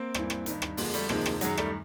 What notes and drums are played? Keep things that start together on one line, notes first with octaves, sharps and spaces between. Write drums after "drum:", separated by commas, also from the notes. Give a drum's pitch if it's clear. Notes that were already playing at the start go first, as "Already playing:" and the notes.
Already playing: A#3 C4
G2 E3, drum: rim click
drum: rim click
G2 D#3, drum: hi-hat
drum: rim click
F2 D3 G#3 A#3, drum: open hi-hat
G3 A3, drum: hi-hat
F2 C3 D#3 G#3 A#3, drum: rim click
drum: rim click
F#2 D#3 F#3 G#3, drum: hi-hat
G3 A3, drum: rim click